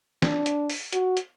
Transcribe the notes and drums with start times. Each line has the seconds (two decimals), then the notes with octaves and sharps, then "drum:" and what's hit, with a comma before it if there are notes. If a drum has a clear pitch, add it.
0.22 D4, drum: snare
0.46 drum: hi-hat
0.70 drum: open hi-hat
0.92 F#4, drum: hi-hat
1.17 drum: hi-hat